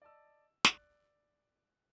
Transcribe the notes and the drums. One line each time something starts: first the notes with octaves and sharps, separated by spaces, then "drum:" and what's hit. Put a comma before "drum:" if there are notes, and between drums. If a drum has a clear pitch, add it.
D5 D#5 A5 E6
D5 F#6, drum: snare